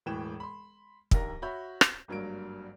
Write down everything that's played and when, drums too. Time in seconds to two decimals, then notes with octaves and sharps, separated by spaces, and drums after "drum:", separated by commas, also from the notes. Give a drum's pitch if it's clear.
0.06 E1 A2 E3 G5 E7
0.40 B5 C6
1.11 A#1 D#2 A#4 A#6, drum: kick
1.42 F#4 C#5 E5 B5 G6
1.81 drum: rim click
2.08 G#1 G2 F#3 A#3 D7